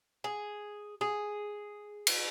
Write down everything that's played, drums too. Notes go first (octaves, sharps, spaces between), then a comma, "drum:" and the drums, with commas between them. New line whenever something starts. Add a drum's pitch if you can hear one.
G#4
G#4
drum: cymbal